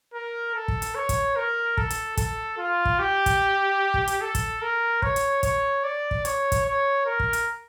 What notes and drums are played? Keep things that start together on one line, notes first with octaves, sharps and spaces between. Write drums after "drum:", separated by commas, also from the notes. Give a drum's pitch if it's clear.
A#4
A4
drum: kick
drum: hi-hat
C#5
drum: kick, hi-hat
A#4
A4, drum: kick
drum: hi-hat
A4, drum: kick, hi-hat
F4
drum: kick
G4
drum: kick, hi-hat
drum: kick
drum: hi-hat
A4
drum: kick, hi-hat
A#4
C#5, drum: kick
drum: hi-hat
C#5, drum: kick, hi-hat
D5
drum: kick
C#5, drum: hi-hat
drum: kick, hi-hat
C#5
A#4
drum: kick
drum: hi-hat